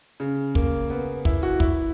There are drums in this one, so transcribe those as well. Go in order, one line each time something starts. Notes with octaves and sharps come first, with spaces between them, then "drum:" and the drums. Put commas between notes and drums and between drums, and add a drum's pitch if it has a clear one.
C#3
A#3, drum: kick
B3
E4, drum: kick
F#4
E4, drum: kick